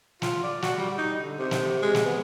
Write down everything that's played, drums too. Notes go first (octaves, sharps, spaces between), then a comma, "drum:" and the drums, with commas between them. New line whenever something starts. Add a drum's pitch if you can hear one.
F4, drum: snare
D5
F#4, drum: snare
G3
D#4
D3
C3
drum: snare
G#3
drum: snare
B3